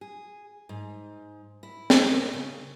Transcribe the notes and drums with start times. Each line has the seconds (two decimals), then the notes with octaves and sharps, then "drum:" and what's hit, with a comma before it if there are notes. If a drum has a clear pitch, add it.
0.01 G#4
0.69 G#2
1.63 E4
1.90 drum: snare
2.07 A#4
2.33 C#3